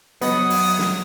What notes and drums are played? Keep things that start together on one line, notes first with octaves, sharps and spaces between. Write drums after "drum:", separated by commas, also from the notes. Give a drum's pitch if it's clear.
F#3 B3 D#5 D#6, drum: hi-hat
drum: open hi-hat
drum: snare